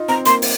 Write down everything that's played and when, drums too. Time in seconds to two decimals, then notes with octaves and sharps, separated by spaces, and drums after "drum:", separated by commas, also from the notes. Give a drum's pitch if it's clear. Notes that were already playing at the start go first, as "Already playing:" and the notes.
Already playing: D#4 F4
0.08 C4 A#5
0.25 A#3 C6, drum: hi-hat
0.42 drum: open hi-hat